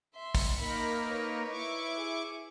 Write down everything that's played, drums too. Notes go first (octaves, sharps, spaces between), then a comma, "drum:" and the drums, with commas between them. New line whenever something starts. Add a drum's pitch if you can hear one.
E5 C6
drum: kick, open hi-hat
A#3 D#4 A#4 B5
B4 C#5
E4 C#6 D6
G#4